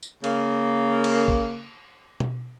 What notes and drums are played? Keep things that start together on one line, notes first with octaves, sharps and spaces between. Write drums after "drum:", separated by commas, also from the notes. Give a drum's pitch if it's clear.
drum: tambourine
C#3 A#3, drum: cymbal
drum: cymbal
drum: kick
drum: tom B2